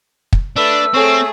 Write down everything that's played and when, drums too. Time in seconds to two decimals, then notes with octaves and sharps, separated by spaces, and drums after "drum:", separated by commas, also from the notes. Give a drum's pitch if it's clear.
0.33 drum: kick
0.56 A3 D4 B4 E6
0.94 A3 C4 G#4 A4 C#5 C#6